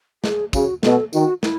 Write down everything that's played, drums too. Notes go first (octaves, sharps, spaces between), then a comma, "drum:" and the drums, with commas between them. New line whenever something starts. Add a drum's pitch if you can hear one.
G#4, drum: snare
C#3 F#4, drum: kick, tambourine
B2 A4, drum: snare
D#3 F#4, drum: tambourine
E4, drum: snare